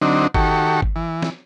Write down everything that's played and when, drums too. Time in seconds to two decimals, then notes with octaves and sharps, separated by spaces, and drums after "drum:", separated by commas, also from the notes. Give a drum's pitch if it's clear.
0.02 D3 F#3 C4 D4 D#4
0.34 D#3 F#4 G4 A4 C#6, drum: kick G1
0.82 drum: kick G1
0.96 E3
1.22 drum: snare